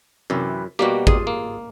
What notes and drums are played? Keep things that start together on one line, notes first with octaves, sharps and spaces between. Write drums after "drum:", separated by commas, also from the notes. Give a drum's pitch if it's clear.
F#2 C3 E3
B2 G3 A#3 F#4 G4
F4 G#4, drum: kick G#1
A#3